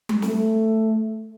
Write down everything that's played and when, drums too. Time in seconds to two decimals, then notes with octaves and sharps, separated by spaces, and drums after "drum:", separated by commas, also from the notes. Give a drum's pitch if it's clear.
0.09 drum: tom G3
0.22 A3, drum: snare